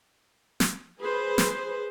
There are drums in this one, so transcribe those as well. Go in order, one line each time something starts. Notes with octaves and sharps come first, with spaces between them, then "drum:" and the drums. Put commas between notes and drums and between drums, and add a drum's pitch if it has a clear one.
drum: snare
G#4 B4 C5
drum: snare